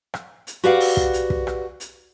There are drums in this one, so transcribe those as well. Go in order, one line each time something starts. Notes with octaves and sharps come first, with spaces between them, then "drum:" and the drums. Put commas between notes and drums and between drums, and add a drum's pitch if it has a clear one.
drum: rim click
drum: hi-hat
F#4 G4 B4 D5 F5 F#5
drum: open hi-hat
drum: kick
drum: hi-hat
drum: kick
drum: rim click
drum: hi-hat